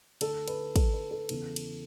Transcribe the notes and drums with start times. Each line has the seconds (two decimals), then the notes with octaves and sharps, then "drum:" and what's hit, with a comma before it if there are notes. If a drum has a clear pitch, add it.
0.21 D2 D3 A4, drum: cymbal
0.48 B4, drum: cymbal
0.76 A4, drum: kick, cymbal
0.93 B4
1.11 A4
1.29 E2 C#3 E3, drum: cymbal
1.56 drum: cymbal